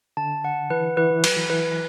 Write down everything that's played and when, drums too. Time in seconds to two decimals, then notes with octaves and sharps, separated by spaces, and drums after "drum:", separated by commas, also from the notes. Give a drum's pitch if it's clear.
0.17 D3 A5
0.44 F#5
0.70 E3 B4
0.97 E3 B4
1.10 E3
1.24 F#3 B4, drum: cymbal
1.37 E3
1.50 E3 B4